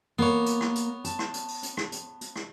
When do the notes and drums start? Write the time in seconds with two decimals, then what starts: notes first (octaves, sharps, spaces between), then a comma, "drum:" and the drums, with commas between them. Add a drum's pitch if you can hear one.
0.19 A#3 B3 C#5
0.46 drum: hi-hat
0.61 drum: rim click
0.75 drum: hi-hat
1.04 A5, drum: hi-hat
1.19 drum: rim click
1.34 drum: hi-hat
1.48 drum: open hi-hat
1.63 drum: hi-hat
1.77 drum: rim click
1.92 drum: hi-hat
2.21 drum: hi-hat
2.36 drum: rim click